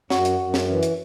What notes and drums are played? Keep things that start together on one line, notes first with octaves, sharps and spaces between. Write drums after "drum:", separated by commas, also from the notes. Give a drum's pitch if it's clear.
F#2 F#4, drum: snare
drum: hi-hat
F#2
drum: snare
E3
drum: hi-hat